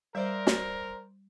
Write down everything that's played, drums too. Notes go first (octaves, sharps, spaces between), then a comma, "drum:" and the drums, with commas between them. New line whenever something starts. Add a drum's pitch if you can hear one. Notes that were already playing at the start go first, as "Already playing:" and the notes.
G3 A#4 C5 D5 E5
drum: snare